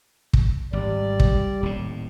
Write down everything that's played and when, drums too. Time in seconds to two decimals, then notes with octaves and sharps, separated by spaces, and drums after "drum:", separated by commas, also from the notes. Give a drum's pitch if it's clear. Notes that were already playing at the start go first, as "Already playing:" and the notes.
0.33 drum: kick
0.73 G#1 G3 D5
1.20 drum: kick
1.63 D#1 A2